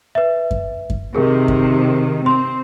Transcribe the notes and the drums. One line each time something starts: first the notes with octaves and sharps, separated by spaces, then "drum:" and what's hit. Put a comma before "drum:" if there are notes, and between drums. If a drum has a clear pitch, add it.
B4 E5
drum: kick F#2
drum: kick F#2
C3 D#3 G#4 A#4
drum: kick F#2
C4 C6